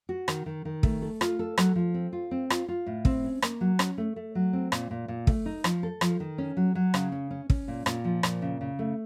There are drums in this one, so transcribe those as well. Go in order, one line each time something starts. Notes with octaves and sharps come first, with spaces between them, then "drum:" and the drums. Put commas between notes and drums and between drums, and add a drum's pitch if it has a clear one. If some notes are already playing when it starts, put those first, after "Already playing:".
F#4
D#3, drum: rim click
D#3
D#3
A3, drum: kick
A4
F4, drum: rim click
A4
F#3, drum: rim click
F3
C4
F4
C4
F4, drum: rim click
F4
A2
C4, drum: kick
C#4
A#3, drum: rim click
F#3
C#4, drum: rim click
A3
A3
F#3
C4
A#2, drum: rim click
A#2
A#2
A3, drum: kick
D#4
F3, drum: rim click
A4
F3, drum: rim click
D#3
C#4
F#3
F#3
C#3, drum: rim click
C#4
C#4
C#4, drum: kick
A#2
A#2, drum: rim click
F3
A#2, drum: rim click
C#3
C#3
A3